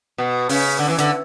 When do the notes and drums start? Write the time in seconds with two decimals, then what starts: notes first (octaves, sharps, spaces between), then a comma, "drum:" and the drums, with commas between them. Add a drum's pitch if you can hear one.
0.18 B2
0.49 C#3, drum: open hi-hat
0.79 D3
0.88 E3
0.98 D3, drum: hi-hat